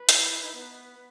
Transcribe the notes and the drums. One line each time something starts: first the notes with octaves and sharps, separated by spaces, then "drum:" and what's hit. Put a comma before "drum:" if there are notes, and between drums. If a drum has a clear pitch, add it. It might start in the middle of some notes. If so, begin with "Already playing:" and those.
Already playing: B4
E4, drum: hi-hat
E4
E4
D#4
B3